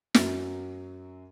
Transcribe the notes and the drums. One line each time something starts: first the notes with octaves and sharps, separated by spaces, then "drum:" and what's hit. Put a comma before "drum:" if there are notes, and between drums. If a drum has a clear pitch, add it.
F#2 F#3, drum: snare